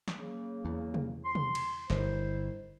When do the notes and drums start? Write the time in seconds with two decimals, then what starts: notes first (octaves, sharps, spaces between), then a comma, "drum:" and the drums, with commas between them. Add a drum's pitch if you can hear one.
0.08 drum: snare
0.18 C#3 F#3 A#3
0.65 E2
0.94 drum: tom
1.25 C6
1.35 drum: tom
1.55 drum: cymbal
1.90 G1 D#3 E4 C5, drum: snare